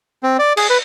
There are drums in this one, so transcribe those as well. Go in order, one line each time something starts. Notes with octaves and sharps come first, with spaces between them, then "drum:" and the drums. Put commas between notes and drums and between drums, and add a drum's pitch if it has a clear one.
C4
D5
G#4, drum: cymbal
B4